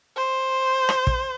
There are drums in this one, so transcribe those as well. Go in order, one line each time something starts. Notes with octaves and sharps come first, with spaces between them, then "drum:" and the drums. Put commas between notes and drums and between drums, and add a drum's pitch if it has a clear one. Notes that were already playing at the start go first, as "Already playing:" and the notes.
C5
drum: rim click
drum: kick